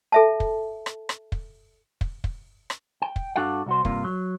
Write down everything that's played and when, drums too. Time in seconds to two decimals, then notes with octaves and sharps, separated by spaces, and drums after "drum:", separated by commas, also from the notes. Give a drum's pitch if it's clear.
0.12 A4 E5 A5
0.40 drum: kick
0.86 drum: rim click
1.09 drum: rim click
1.32 drum: kick
2.01 drum: kick
2.24 drum: kick
2.70 drum: rim click
3.02 G5
3.16 drum: kick
3.36 G2 D4 F#4 A4 F5 F#5
3.66 C2 F#4 C5
3.85 G2 C3 A#3 F4, drum: kick
4.04 F#3